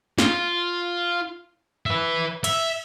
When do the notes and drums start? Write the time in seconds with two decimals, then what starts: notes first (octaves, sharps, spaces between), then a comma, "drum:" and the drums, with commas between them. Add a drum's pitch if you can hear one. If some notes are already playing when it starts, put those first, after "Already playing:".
0.18 F4, drum: snare
1.86 B4 E5
2.44 E5, drum: cymbal